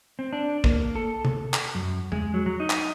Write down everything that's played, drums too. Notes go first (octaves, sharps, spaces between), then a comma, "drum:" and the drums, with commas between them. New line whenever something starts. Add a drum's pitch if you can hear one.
C4
D4
A#3, drum: kick
A4
drum: tom C3
drum: clap
F#2
G#3, drum: tom E2
F#3
F#3
D#4
drum: clap